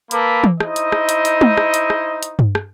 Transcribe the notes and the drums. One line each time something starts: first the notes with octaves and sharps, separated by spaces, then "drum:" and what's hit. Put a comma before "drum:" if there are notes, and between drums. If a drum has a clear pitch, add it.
A#3 A4 B4 B5 D6, drum: hi-hat
drum: tom E3
D#4 E4 C5 D#5, drum: rim click
drum: hi-hat
drum: rim click
drum: hi-hat
drum: hi-hat
drum: tom
drum: rim click
drum: hi-hat
drum: rim click
drum: hi-hat
drum: tom G2
drum: rim click